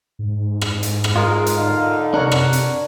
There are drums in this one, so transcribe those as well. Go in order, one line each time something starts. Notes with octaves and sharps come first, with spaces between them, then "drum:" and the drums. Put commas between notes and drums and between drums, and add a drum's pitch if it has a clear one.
G#2
drum: rim click
drum: hi-hat
drum: rim click
G#3 F4 A#4
drum: hi-hat
D3 D#4 F5
C3 D4 A#4 C#5 F#5
drum: rim click
drum: hi-hat